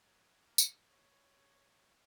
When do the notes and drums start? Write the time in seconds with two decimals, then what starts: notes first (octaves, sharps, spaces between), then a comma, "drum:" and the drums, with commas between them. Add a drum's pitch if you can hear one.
0.06 F#3
0.47 A#3
0.58 drum: tambourine
0.89 C#5